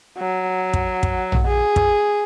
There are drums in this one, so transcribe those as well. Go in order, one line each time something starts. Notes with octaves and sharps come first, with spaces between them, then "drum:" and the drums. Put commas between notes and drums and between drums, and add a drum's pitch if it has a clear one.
F#3
drum: kick
drum: kick
drum: tom A#1
G#4
drum: kick